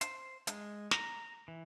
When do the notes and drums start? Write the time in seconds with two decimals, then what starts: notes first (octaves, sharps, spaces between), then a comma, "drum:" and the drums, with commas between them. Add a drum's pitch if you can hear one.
0.01 C5, drum: hi-hat
0.47 G#3, drum: hi-hat
0.91 A#5, drum: snare
1.48 E3